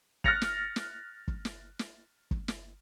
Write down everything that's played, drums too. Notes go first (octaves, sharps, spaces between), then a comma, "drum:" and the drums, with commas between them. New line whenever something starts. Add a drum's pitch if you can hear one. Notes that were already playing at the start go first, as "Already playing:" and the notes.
F6 F#6 A6 A#6 C#7 F7, drum: kick
drum: snare
drum: snare
drum: kick
drum: snare
drum: snare
drum: kick
drum: snare